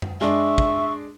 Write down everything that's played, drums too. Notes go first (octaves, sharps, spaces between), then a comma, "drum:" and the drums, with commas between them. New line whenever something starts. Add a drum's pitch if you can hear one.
drum: tom F#2
G#3 D4 E5 C#6
drum: kick